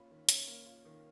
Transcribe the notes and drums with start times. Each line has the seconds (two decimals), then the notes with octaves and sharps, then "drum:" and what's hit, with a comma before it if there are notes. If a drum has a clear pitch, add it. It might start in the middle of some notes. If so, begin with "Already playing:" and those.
Already playing: A#3 C#4 F4 B5
0.11 D#3
0.29 C#4, drum: hi-hat
0.48 A#3
0.66 F4
0.85 D#3